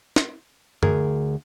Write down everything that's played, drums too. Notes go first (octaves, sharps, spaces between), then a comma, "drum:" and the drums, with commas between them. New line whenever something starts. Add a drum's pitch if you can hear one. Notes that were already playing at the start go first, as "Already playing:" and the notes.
drum: snare
D2 G#4 A#4, drum: tom F#2